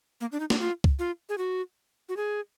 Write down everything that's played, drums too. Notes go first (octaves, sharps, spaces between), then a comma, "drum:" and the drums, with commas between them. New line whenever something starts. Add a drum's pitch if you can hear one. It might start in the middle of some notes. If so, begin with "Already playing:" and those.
A#3
D4
D#4
D4, drum: snare
F4
drum: kick C#2
F4
G#4
F#4
F#4
G#4